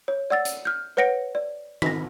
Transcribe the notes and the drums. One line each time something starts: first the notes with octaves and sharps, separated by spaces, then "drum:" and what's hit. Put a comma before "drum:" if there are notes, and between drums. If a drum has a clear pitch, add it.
C#5
D5 F#5 E6 A6
drum: hi-hat
F6 G6
B4 C#5 F#5 A#6 C#7 D7
D5
A#6 B6, drum: tom